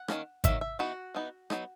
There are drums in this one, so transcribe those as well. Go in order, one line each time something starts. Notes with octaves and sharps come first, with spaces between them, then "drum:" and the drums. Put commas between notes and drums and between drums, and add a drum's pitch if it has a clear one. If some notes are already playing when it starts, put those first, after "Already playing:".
Already playing: F#5
D#3 F#3 A#3 C#4, drum: rim click
D#3 F#3 A#3 C#4 E5, drum: kick G#1, hi-hat
E5
E3 B3 D#4 F#4
E3 B3 D#4
F#3 B3 D#4, drum: rim click